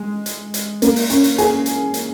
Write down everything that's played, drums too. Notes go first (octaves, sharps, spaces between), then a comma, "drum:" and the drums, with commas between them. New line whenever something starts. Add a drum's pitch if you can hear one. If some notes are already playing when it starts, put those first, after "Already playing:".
Already playing: G#3
drum: hi-hat
drum: hi-hat
A#3, drum: hi-hat
drum: open hi-hat
C#4, drum: hi-hat
drum: hi-hat
G#4, drum: hi-hat
drum: hi-hat
drum: hi-hat